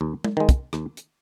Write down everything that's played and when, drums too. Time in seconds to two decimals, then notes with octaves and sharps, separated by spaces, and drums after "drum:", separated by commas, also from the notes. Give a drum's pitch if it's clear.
0.01 D#2
0.24 drum: tom
0.37 D#3 G#3
0.49 drum: kick, hi-hat
0.73 D#2, drum: rim click
0.97 drum: hi-hat